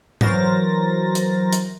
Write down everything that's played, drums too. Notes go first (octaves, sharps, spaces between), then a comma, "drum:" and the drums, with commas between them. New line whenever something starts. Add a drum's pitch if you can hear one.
E3 F#3 A#4 C5 A6 A#6, drum: tom G#2
drum: hi-hat
drum: hi-hat